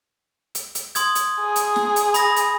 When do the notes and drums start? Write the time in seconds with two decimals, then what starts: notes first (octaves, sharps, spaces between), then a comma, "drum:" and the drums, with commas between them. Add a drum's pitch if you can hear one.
0.55 drum: hi-hat
0.75 drum: hi-hat
0.95 C6 D#6 G#6, drum: hi-hat
1.15 drum: hi-hat
1.41 G#4
1.56 drum: hi-hat
1.76 drum: snare
1.96 drum: hi-hat
2.14 B5 D#6 A#6, drum: hi-hat
2.36 drum: hi-hat